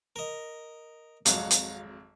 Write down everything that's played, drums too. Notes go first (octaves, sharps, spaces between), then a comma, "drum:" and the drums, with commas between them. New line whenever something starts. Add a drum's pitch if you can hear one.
A#4 D#5
G#1 F2 F#3 F5 F#5, drum: hi-hat
drum: hi-hat